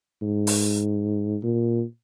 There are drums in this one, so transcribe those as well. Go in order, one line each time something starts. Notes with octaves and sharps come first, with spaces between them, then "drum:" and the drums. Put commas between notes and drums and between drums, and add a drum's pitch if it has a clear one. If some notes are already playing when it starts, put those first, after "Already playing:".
G#2
drum: open hi-hat
A#2